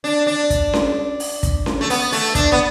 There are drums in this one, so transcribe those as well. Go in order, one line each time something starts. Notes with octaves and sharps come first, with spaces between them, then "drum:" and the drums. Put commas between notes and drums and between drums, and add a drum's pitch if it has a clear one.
D4
D4
drum: kick, hi-hat
drum: snare C#4
drum: open hi-hat
drum: kick, hi-hat
drum: snare C#4
A3
B3, drum: open hi-hat
A3, drum: open hi-hat
D4, drum: kick, hi-hat
B3